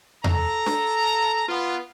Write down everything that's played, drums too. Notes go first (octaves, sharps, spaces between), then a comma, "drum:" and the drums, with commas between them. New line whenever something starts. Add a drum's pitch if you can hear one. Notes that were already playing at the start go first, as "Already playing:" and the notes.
A4 A#5, drum: tom E2
drum: snare D4
B3 F4